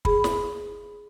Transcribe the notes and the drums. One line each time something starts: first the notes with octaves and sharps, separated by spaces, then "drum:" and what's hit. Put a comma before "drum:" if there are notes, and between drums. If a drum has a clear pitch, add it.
G#4 B5, drum: kick
drum: snare